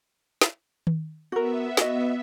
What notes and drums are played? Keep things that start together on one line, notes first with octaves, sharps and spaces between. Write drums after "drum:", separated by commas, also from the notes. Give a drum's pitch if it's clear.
drum: snare
drum: tom D#3
B3 F#4 A#4 E5
F#4 D#5, drum: snare